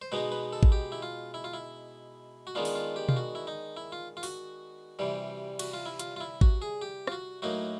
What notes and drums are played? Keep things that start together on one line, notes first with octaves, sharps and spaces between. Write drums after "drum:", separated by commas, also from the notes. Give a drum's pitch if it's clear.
C5
B2 G#3 B3 D#4 B4
B4
A4
drum: kick
G4
E4
F4
E4
F4
E4
F#4
D#3 G#3 B3 D4 F4
drum: open hi-hat
F4
G4
F4, drum: tom B2
F#4
E4
D#4
E4
F4
F4
F#4, drum: open hi-hat
C3 E3 G3
F#4, drum: cymbal
F4
E4
F4, drum: hi-hat
F4
E4
F#4, drum: kick
G#4
G4
F4, drum: rim click
F#4
A2 F#3 A#3 D#4 F#4